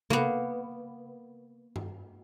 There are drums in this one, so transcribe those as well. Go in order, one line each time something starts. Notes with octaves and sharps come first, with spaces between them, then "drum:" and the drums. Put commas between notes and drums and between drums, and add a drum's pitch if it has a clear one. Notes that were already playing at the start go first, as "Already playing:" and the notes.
A#3 B3, drum: tom C3
drum: tom G2